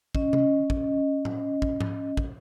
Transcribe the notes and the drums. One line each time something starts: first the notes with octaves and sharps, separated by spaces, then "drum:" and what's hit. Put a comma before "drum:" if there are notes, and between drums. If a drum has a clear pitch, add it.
C#4 D#5, drum: kick
drum: tom C3
drum: kick
drum: tom A2
drum: kick
drum: tom G#2
drum: kick